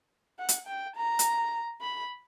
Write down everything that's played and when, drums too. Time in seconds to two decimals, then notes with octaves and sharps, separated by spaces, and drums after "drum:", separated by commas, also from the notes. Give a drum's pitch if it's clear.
0.39 F#5
0.49 drum: hi-hat
0.67 G5
0.96 A#5
1.19 drum: hi-hat
1.81 B5